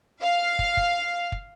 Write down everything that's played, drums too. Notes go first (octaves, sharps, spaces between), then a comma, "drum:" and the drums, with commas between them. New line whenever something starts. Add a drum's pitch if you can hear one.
F5
drum: kick
drum: kick
drum: kick